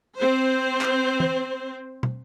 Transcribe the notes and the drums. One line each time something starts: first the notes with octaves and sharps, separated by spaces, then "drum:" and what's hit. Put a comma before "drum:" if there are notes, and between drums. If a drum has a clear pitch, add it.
C4 C5
drum: clap
drum: tom E3
drum: tom